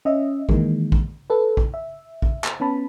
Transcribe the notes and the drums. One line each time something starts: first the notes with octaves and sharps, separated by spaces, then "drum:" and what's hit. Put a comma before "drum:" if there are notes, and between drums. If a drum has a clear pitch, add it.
C#4 D#5 E5
D#3 E3 G#3 A#3, drum: kick
drum: kick
A4 B4
drum: kick
E5
drum: kick
drum: clap
B3 C#4 A5 B5